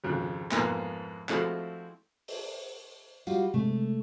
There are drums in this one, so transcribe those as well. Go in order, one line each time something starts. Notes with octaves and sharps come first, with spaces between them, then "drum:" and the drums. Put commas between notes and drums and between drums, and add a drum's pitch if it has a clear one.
G#1 F2 C#3 F#6
F2 G#2 E3 A#3 B3, drum: clap
F3 G#3 A3 C4 E4 F#4, drum: clap
drum: open hi-hat
G3 F4 F#4, drum: tambourine
C3 G#3 A3